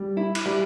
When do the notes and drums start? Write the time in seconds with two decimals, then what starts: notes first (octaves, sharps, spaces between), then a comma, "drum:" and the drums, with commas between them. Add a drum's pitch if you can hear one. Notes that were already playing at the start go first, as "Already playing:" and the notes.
Already playing: G3
0.17 E4
0.35 drum: cymbal
0.46 G3